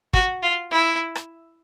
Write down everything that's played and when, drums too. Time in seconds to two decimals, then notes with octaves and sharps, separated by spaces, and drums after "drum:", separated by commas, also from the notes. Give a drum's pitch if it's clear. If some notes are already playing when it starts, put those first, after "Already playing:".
0.14 F#4, drum: kick
0.43 F4
0.71 E4
1.15 drum: rim click